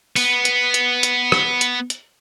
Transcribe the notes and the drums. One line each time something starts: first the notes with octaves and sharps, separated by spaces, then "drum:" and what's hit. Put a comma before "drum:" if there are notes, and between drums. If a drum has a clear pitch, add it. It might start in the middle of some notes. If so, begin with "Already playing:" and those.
B3 B4, drum: open hi-hat
drum: hi-hat
drum: hi-hat
drum: hi-hat
drum: rim click
drum: hi-hat
drum: hi-hat